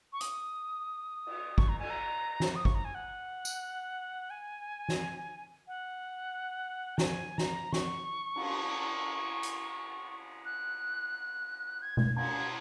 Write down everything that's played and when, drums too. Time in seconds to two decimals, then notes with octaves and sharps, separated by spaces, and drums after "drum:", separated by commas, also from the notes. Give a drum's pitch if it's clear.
0.13 C#6
0.21 D#6, drum: hi-hat
1.26 drum: cymbal
1.58 C#6, drum: kick
1.69 A#5
1.79 G#5, drum: cymbal
1.90 A#5
2.40 drum: snare
2.56 D#6
2.65 C#6, drum: kick
2.75 A#5
2.85 G#5
2.95 F#5
3.45 drum: tambourine
4.30 G#5
4.88 drum: snare
5.68 F#5
6.98 A#5, drum: snare
7.04 G#5
7.38 A#5, drum: snare
7.73 C#6, drum: snare
8.36 drum: cymbal
9.43 drum: hi-hat
10.45 F#6
11.82 G#6
11.97 drum: tom B2
12.16 G#6, drum: cymbal